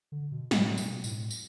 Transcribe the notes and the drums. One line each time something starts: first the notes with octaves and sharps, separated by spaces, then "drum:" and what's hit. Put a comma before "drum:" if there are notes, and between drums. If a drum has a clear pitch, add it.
D3
B2
A2, drum: snare
B2, drum: tambourine
A2, drum: tambourine
drum: tambourine